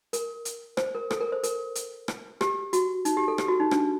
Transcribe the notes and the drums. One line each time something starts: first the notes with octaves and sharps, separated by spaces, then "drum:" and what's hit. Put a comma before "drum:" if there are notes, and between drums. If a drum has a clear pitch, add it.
A#4, drum: hi-hat
drum: hi-hat
C5, drum: rim click
A#4
A4, drum: rim click
A#4
C5
A#4, drum: hi-hat
drum: hi-hat
drum: rim click
G4, drum: rim click
F#4, drum: hi-hat
D#4, drum: hi-hat
G4
A4
G4, drum: rim click
F#4
D#4
D4, drum: rim click